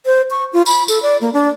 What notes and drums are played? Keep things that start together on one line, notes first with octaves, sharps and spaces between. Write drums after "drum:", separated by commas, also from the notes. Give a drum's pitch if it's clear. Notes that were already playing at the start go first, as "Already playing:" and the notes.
C5
C#6
F4
B5, drum: tambourine
A4, drum: tambourine
D5
A#3
D4